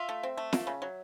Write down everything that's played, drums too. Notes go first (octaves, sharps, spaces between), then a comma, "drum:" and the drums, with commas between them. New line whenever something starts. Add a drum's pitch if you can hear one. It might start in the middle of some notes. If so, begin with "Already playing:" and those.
Already playing: F4 E5
A3
C4
A3
A#3, drum: snare
C#3
F#3